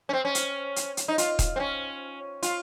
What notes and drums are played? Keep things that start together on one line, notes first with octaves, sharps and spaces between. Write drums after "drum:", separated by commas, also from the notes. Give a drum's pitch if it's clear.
C#4
C4
C#4
drum: hi-hat
drum: hi-hat
drum: hi-hat
D#4
F4, drum: hi-hat
drum: kick D#1, hi-hat
C4
C#4
F4, drum: hi-hat